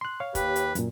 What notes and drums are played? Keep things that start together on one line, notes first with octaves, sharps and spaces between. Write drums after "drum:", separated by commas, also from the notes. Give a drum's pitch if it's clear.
C6 F#6
C#5 F5
D#2 G4 B4, drum: kick, hi-hat
drum: hi-hat
F#2 A#2, drum: hi-hat